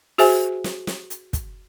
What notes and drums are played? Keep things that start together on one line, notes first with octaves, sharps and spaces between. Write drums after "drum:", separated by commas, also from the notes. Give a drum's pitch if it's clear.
F#4 G#4 C5 E5 G#5, drum: open hi-hat
drum: snare
drum: snare
drum: hi-hat
drum: kick, hi-hat